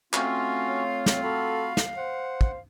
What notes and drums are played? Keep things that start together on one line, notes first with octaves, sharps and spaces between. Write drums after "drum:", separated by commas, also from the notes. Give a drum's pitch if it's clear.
A3 C4 C#4 F4 F#4 F5, drum: clap
C#5
drum: snare
F#4 A4 B5
drum: snare
C5 F#5
drum: kick